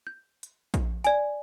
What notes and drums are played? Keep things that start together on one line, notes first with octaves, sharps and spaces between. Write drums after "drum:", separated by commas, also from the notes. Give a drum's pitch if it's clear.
G6
drum: hi-hat
drum: kick A#1, hi-hat
D5 G#5, drum: hi-hat